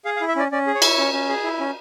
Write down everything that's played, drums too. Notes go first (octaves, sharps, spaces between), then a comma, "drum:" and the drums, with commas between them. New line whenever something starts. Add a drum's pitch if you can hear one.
G#4 F5
F5
E4
E5
C#4 D5
C#4 D5
G#4
C#5
E4, drum: cymbal
C#4
C#4
G#4
E4
C#4